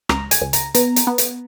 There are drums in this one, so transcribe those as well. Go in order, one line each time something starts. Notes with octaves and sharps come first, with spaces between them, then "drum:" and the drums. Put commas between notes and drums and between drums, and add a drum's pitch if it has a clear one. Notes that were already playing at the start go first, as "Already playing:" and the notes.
C#2 A#5, drum: rim click
G#5, drum: hi-hat
C#2
A#5, drum: hi-hat
B3 A#5, drum: hi-hat
drum: hi-hat
B3
drum: hi-hat